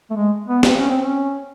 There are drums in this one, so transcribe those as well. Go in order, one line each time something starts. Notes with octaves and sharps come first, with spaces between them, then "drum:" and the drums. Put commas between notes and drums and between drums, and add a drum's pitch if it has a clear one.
A3
G#3
B3
C4, drum: snare
C#4
C4
C#4